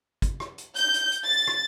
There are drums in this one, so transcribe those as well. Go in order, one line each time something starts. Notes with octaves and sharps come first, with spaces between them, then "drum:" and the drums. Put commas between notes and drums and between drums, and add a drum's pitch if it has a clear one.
drum: kick, hi-hat
drum: rim click
drum: hi-hat
G6, drum: hi-hat
drum: hi-hat
drum: hi-hat
A6
drum: rim click